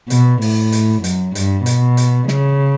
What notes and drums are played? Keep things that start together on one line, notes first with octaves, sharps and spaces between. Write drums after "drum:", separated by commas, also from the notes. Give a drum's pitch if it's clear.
B2, drum: hi-hat
A2, drum: open hi-hat
drum: hi-hat
F#2, drum: hi-hat
G2, drum: hi-hat
B2, drum: hi-hat
drum: hi-hat
C#3, drum: snare